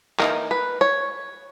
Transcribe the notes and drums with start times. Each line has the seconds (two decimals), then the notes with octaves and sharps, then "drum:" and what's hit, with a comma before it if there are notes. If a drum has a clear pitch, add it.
0.19 E3 A#3 D#4 A#4, drum: clap
0.51 B4
0.81 C#5